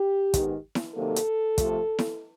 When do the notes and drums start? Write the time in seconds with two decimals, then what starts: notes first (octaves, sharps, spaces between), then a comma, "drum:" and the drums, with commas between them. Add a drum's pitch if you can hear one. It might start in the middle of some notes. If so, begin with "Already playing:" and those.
Already playing: G4
0.34 G#2 D#3 G#3 B3, drum: kick, hi-hat
0.75 drum: snare E4
0.95 C3 D#3 F#3 A#3 A4
1.16 drum: hi-hat
1.58 C3 F3 A3, drum: kick, hi-hat
1.99 drum: snare E4